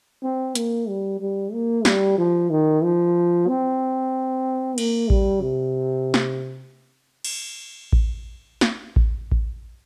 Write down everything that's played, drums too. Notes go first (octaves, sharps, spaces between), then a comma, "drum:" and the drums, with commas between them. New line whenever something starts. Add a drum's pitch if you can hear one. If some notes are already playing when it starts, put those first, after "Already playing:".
C4
A#3, drum: hi-hat
G3
G3
A#3
G3, drum: snare
F3
D#3
F3
C4
A#3, drum: cymbal
G3, drum: kick A1
C3
drum: snare
drum: cymbal
drum: kick A1
drum: snare
drum: kick A1
drum: kick A1